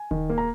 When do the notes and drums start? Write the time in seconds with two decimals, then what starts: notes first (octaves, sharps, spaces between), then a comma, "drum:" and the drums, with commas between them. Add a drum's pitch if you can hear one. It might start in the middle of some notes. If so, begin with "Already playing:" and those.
Already playing: G#5
0.11 D#3, drum: kick D#1
0.30 A#3
0.38 A#5